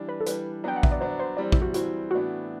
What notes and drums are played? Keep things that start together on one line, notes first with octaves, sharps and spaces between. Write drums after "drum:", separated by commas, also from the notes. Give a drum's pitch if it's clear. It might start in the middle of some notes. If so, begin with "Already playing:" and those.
Already playing: E3 G3 D4
B4
A4
E3 G3 D4 B4, drum: hi-hat
F#3 B3 D4 G5
F#5
E5, drum: kick A#1
D5
F#3 B3 D4 C5
C5
E3 G3 C4 D5
E4, drum: kick A#1
F#4
E3 G3 C4 F#4, drum: hi-hat
A2 E3 B3 D4 F#4